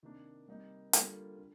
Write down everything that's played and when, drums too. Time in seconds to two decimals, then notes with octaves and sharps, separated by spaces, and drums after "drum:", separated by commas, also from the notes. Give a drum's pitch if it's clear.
0.03 C3 D#3 A#3 D4
0.48 C3 G3 A#3 D#4
0.93 D3 G3 A#3 F4, drum: hi-hat
1.39 D3